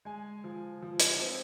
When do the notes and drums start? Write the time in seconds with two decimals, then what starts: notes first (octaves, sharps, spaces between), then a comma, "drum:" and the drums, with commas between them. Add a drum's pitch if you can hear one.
0.05 G#3 G#5
0.44 F3
0.82 F3
1.00 drum: hi-hat
1.21 C4